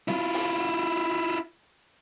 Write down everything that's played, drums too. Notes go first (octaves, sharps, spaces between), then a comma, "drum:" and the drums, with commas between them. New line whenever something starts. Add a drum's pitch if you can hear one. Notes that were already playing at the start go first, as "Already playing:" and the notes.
E4 F4, drum: snare C4
drum: open hi-hat